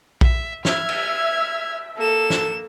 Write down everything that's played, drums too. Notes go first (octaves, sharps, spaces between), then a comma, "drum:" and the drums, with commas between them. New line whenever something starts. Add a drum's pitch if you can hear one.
E5, drum: kick A#1
E5 F6 G#6, drum: snare
drum: cymbal
A#3 A4 E7
drum: snare